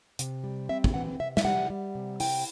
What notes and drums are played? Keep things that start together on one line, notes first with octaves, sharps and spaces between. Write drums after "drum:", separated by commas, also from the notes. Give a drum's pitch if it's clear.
C3, drum: hi-hat
G3
C4 E5
drum: kick
E3 F#5
C3 E5
E5, drum: snare
G3 F#5
G3
C3
E4 G5, drum: open hi-hat